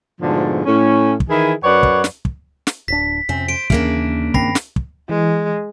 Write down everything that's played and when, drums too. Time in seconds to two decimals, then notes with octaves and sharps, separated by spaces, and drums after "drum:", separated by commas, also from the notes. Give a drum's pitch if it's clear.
0.21 G#2 B2 D3 F3 A3
0.65 A2 C#4
1.20 drum: kick
1.29 D#3 E3 E4 G#4
1.63 F#2 B4 C#5 D5 F#5
1.83 drum: kick
2.04 drum: snare
2.25 drum: kick
2.67 drum: snare
2.88 D1 D4 B6
3.29 F2 C3 C4 C#4
3.48 C5 D7
3.70 D#2 C#3 E3 A#3 D4, drum: kick
4.34 G2 D#3 C4 B5 A#6 C7, drum: kick
4.55 drum: snare
4.76 drum: kick
5.09 E3 G#3